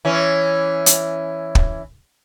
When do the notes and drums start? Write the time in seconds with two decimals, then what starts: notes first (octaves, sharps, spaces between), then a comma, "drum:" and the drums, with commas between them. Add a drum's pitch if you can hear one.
0.05 E3 C#4
0.86 drum: hi-hat
1.55 drum: kick